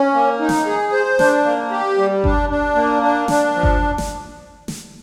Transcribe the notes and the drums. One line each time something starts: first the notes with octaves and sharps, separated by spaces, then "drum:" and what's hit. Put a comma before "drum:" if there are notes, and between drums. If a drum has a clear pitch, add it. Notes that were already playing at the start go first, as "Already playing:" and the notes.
Already playing: C#4
A#3
D#4
drum: snare
G#4
C5
D4, drum: snare
A#3
G4
G3
D4, drum: kick G1
D4
A#3
D4
D4, drum: snare
F3
drum: kick G1
drum: snare
drum: snare